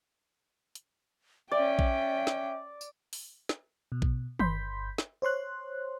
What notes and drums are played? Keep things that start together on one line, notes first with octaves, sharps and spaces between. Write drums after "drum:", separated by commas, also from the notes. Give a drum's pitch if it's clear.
drum: hi-hat
C#4 D5 E5 G5
drum: kick A#1
drum: snare
drum: tambourine
drum: open hi-hat
drum: snare
B2
drum: kick A#1
G1 B5 C6 G6 B6, drum: tom D#3
drum: snare
C5 C#5 C6 F#6